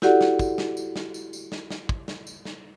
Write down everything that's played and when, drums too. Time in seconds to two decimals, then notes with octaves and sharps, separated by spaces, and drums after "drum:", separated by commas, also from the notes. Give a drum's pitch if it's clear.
0.02 E4 F#4 G4 A4 D5 F#5, drum: snare
0.21 drum: snare
0.39 drum: kick, tambourine
0.58 drum: snare
0.77 drum: tambourine
0.96 drum: snare
1.14 drum: tambourine
1.33 drum: tambourine
1.52 drum: snare
1.70 drum: snare
1.89 drum: kick
2.08 drum: snare
2.27 drum: tambourine
2.45 drum: snare